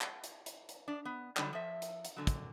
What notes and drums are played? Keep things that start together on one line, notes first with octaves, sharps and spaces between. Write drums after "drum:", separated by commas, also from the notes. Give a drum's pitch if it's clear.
drum: clap
drum: hi-hat
drum: hi-hat
drum: hi-hat
D4 D5
B3
D3 F#3 G3 D#4, drum: clap
F3 E5
drum: hi-hat
drum: hi-hat
A#2 D3 F#3
drum: kick, hi-hat